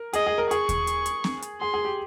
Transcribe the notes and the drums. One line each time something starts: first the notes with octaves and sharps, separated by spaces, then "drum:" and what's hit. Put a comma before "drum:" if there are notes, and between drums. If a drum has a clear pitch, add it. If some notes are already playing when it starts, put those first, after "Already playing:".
Already playing: A#4
G#4 D#5, drum: hi-hat
G#4
A#4
G#4 C#6, drum: hi-hat
drum: kick D#2, hi-hat
drum: hi-hat
drum: hi-hat
drum: snare C4
drum: hi-hat
G#4 C6
G#4
G4